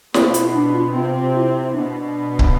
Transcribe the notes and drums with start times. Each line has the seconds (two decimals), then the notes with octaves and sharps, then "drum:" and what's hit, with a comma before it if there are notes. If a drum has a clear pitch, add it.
0.14 B2 B3 C4, drum: snare
0.28 F4
0.34 E4, drum: hi-hat
0.55 D4
0.74 F4
0.93 C3 C4 F4
1.34 E4
1.73 B2 B3 D4
2.39 drum: kick